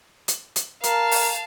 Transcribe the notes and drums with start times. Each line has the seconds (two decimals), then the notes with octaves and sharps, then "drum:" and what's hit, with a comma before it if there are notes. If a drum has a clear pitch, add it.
0.28 drum: hi-hat
0.56 drum: hi-hat
0.84 A#4 F5 A5, drum: hi-hat
1.11 drum: open hi-hat